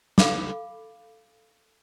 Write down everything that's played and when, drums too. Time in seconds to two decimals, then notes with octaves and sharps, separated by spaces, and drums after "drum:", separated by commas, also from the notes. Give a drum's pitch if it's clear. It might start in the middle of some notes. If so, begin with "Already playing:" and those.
0.18 A4 F5 B5 D6, drum: snare